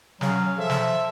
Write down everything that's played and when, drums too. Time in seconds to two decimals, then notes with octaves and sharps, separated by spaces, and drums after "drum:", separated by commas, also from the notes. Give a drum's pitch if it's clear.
0.21 F#3 C#4 G#4 F5, drum: snare
0.59 F3 A4 E5
0.70 drum: snare